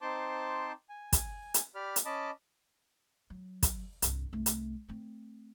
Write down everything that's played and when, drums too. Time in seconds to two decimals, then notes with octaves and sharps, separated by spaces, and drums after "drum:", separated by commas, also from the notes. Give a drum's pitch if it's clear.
0.02 C4 D#4 C5 A5 C6 D6
0.90 G#5
1.13 drum: kick, hi-hat
1.54 drum: hi-hat
1.75 G4 D5 B5 F6
1.96 drum: hi-hat
2.05 C#4 D#5 A5 B5 D6
3.30 F#3
3.63 drum: kick, hi-hat
4.02 C2 G2, drum: hi-hat
4.33 C2 A3
4.46 drum: hi-hat
4.88 A3 C4